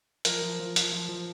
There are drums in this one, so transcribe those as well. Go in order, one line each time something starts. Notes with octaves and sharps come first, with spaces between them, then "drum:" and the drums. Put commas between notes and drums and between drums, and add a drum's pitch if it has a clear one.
F3 A#4, drum: hi-hat
F3
F3
F3, drum: hi-hat
F3
F3